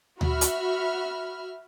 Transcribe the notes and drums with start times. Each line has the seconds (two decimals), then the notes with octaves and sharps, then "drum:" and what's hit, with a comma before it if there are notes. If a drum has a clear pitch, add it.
0.21 F#4 E5 B5 F6, drum: tom D2
0.41 drum: hi-hat